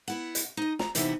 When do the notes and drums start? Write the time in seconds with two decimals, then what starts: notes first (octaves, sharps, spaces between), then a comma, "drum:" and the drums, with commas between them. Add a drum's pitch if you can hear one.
0.08 B3 E4 F#5
0.35 drum: hi-hat
0.57 D#4 D#5
0.79 A#5, drum: snare
0.95 C3 E3 B3 D#4 F#4 E5, drum: hi-hat